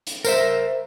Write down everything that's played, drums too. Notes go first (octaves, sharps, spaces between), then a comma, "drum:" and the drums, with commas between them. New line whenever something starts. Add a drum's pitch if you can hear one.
drum: hi-hat
A#4 C5 E5, drum: tambourine